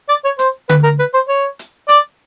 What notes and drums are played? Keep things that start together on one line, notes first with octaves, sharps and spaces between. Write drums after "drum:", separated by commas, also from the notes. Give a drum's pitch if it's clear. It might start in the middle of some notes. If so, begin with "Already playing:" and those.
D5
C#5
C5, drum: hi-hat
B4, drum: tom D3
A#4
B4
C5
C#5
drum: hi-hat
D5, drum: hi-hat